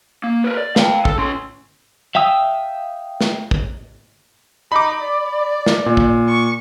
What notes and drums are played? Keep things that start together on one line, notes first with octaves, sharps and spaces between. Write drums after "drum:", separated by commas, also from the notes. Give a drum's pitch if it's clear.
A#3
A#4 B4
D5
F5 G5, drum: snare
A4, drum: kick
C#4 C6
E5 F5 G5 D#6 E6
drum: snare
drum: kick
D#4 B5 D6
D5
drum: snare
A#2
drum: kick
C#6